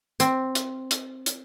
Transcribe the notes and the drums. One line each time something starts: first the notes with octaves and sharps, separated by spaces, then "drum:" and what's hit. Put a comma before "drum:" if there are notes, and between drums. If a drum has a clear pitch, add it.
C4, drum: hi-hat
drum: hi-hat
drum: hi-hat
drum: hi-hat